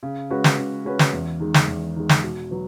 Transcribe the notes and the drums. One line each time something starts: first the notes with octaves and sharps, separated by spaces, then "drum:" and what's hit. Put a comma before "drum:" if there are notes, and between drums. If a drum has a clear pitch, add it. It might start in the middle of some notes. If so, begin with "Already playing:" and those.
C#3
G#3 C#4 F#4 B4
drum: snare
C#3
G#3 C#4 F#4 B4
drum: snare
E2
D#3 G#3
drum: snare
E2
D#3 G#3
drum: snare
B2
F#3 B3